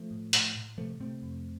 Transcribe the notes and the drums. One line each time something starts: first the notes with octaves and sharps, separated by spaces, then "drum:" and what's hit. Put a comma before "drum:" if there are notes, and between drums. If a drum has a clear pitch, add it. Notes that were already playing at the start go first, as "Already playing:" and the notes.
Already playing: F3 A3
A2
A2, drum: hi-hat
A2
C3 F3 A3
C3 A3 C4
F2